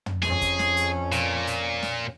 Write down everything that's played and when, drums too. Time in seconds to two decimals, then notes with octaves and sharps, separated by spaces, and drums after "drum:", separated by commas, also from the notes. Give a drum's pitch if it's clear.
0.06 drum: tom
0.23 F2 C#4 G#4, drum: snare
0.41 drum: kick, hi-hat
0.59 drum: snare
0.77 drum: hi-hat
1.12 A#2, drum: hi-hat
1.47 drum: hi-hat
1.82 drum: snare